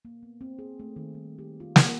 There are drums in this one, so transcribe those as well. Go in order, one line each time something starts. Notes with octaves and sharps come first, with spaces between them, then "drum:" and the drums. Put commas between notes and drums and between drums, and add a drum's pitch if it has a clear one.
A#3
B3
C4
G#4
A3
D#3
G3
G4
F4
F#5, drum: snare